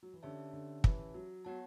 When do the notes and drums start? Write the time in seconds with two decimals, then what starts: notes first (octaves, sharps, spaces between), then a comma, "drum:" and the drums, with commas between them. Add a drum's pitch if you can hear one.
0.03 F#3
0.13 E3
0.23 D3 C#4 G4 C#5 E5 A5
0.53 D3
0.84 E3, drum: kick
1.14 F#3
1.45 F#3 B3 F#4 C#5 F#5 A5